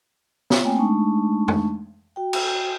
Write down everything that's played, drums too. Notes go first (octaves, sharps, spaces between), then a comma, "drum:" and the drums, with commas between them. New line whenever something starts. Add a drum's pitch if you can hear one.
F4 C#5, drum: snare
A3 A#3 C4 G5 G#5
G#3 A3 D4 D#4 A5 C#6
drum: tom
F#4 G5
drum: cymbal